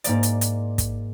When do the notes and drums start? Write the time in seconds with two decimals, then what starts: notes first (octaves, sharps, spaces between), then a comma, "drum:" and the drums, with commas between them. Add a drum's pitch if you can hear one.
0.04 G#2 A#3 D5, drum: hi-hat
0.23 drum: hi-hat
0.41 drum: hi-hat
0.78 drum: kick, hi-hat